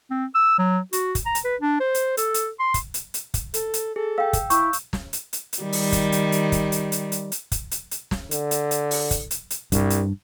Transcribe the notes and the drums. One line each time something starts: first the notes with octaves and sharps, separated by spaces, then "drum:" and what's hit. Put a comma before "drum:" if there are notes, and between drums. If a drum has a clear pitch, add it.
C4
E6
F#3
F#4, drum: hi-hat
drum: kick, hi-hat
A#5
drum: hi-hat
B4
D4
C5
drum: hi-hat
A4, drum: hi-hat
drum: hi-hat
C6
drum: kick, hi-hat
drum: hi-hat
drum: hi-hat
drum: kick, hi-hat
A4, drum: hi-hat
drum: hi-hat
G#4 A4
F5 G5 E6
drum: kick, hi-hat
E4 C#6 E6 G6, drum: hi-hat
drum: hi-hat
drum: snare
drum: hi-hat
drum: hi-hat
drum: hi-hat
D#3 G3
drum: open hi-hat
drum: kick, hi-hat
drum: hi-hat
drum: hi-hat
drum: kick, hi-hat
drum: hi-hat
drum: hi-hat
drum: hi-hat
drum: hi-hat
drum: kick, hi-hat
drum: hi-hat
drum: hi-hat
drum: snare
D3, drum: hi-hat
drum: hi-hat
drum: hi-hat
drum: open hi-hat
drum: kick, hi-hat
drum: hi-hat
drum: hi-hat
C2 G2, drum: kick, hi-hat
drum: hi-hat